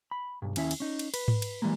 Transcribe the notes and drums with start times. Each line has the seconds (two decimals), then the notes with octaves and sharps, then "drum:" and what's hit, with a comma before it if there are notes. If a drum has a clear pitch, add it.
0.11 B5
0.42 B1 G2
0.56 D#2 C#4 E4 E5, drum: cymbal
0.71 drum: cymbal
0.80 C#4 D#4
0.99 drum: cymbal
1.14 B4, drum: cymbal
1.28 drum: tom G#2
1.42 drum: cymbal
1.62 E3 G3 G#3 A#3